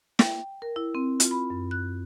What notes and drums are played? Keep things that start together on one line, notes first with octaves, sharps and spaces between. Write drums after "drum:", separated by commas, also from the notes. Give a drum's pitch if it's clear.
G5, drum: snare
A#4
E4
C4
F4, drum: hi-hat
B5
F#2
F#6